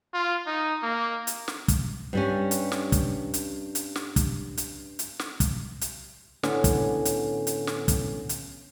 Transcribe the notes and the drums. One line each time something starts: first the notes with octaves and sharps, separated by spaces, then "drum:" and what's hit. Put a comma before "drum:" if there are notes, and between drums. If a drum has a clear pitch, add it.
F4
D#4
A#3
drum: hi-hat
drum: snare
drum: kick, hi-hat
G2 G3 C#4
drum: hi-hat
drum: snare
drum: kick, hi-hat
drum: hi-hat
drum: hi-hat
drum: snare
drum: kick, hi-hat
drum: hi-hat
drum: hi-hat
drum: snare
drum: kick, hi-hat
drum: hi-hat
A2 D3 B3 C#4, drum: snare
drum: kick, hi-hat
drum: hi-hat
drum: hi-hat
drum: snare
drum: kick, hi-hat
drum: hi-hat